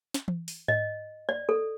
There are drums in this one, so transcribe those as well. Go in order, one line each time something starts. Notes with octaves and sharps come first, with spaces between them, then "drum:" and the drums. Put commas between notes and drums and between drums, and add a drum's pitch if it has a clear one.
drum: snare
drum: tom E3
drum: open hi-hat
D#5, drum: tom G#2
D5
A4